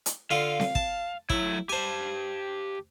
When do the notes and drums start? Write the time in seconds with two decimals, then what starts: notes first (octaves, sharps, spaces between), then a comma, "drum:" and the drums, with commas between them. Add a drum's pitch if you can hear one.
0.06 drum: hi-hat
0.31 D3 F4 F5
0.60 drum: snare C4
0.75 A5, drum: kick
1.30 F#3 A3 E4 C#5, drum: kick
1.69 G4 C5 G#5 A5